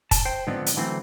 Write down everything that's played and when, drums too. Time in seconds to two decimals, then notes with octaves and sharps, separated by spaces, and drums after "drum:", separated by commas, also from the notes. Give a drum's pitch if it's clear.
0.11 A5, drum: kick, hi-hat
0.25 C5 G5
0.47 G#2 D3 F3 B3 C4 D4
0.66 drum: hi-hat
0.77 D3 E3 F#3 A3 C4